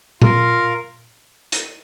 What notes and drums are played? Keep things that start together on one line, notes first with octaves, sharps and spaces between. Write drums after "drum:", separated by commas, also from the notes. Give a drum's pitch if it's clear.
F4 A#4 F5, drum: tom A#2
drum: hi-hat